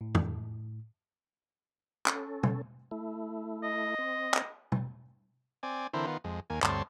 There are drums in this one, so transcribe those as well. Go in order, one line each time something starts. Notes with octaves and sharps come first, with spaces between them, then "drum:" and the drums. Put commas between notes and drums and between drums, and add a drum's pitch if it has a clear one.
A2
drum: tom F2
C#4 A4, drum: clap
drum: tom
A3 E4
D#5
C4
drum: clap
drum: tom
C4 D5 G#5
D3 E3 C4 E4 A#4 C5
D#3 B3 F4
F2 G#3
D#2 A#3 G#5
D2 G2 C4 C#5 A5 C6, drum: clap